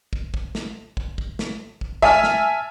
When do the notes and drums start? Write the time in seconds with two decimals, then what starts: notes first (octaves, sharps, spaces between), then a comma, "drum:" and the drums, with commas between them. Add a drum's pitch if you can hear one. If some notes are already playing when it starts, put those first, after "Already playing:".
0.13 drum: kick
0.34 drum: kick
0.55 drum: snare
0.97 drum: kick
1.18 drum: kick
1.39 drum: snare
1.81 drum: kick
2.02 E5 G#5 A5 F6, drum: kick
2.24 drum: snare